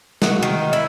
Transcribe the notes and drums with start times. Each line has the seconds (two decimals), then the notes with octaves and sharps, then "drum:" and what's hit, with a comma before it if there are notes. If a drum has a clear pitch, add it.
0.22 F#4, drum: snare
0.43 D#3
0.73 E4